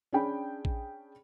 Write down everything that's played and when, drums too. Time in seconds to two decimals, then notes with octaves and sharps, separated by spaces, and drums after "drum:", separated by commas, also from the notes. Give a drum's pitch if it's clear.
0.13 C#4 D4 G#4 G5 B5
0.65 drum: kick A#1